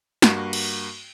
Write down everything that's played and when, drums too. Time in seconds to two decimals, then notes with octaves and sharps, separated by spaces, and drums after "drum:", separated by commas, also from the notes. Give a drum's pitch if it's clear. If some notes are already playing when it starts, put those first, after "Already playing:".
0.22 G2 A#3 F#4, drum: snare
0.53 drum: cymbal